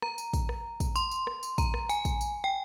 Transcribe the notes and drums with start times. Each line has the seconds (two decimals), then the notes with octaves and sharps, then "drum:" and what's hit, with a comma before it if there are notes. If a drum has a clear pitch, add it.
0.02 A#5, drum: rim click
0.18 drum: tambourine
0.33 drum: kick, tambourine
0.49 drum: rim click
0.80 drum: kick, tambourine
0.96 C6, drum: tambourine
1.11 drum: tambourine
1.27 drum: rim click
1.43 drum: tambourine
1.58 A#5, drum: kick, tambourine
1.74 drum: rim click
1.89 G#5, drum: tambourine
2.05 drum: kick, tambourine
2.21 drum: tambourine
2.44 G5